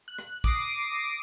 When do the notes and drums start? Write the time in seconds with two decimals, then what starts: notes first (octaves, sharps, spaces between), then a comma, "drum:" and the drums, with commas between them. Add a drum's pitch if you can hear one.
0.08 F#6
0.19 drum: rim click
0.44 D6 D#6 A#6 C7, drum: kick